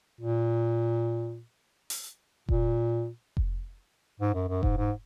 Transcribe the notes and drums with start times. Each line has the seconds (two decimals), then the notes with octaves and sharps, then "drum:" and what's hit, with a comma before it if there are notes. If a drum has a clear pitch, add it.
0.21 A#2
1.90 drum: open hi-hat
2.49 A#2, drum: kick F1
3.37 drum: kick F1
4.20 G#2
4.34 F#2
4.48 F#2
4.63 G#2, drum: kick F1
4.77 G#2